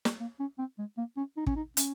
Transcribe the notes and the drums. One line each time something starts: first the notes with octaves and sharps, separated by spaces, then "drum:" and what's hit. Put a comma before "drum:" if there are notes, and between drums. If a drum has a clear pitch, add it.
drum: snare
A#3
C#4
C4
G#3
A#3
C#4
D#4
C#4, drum: kick
D#4
C#4, drum: hi-hat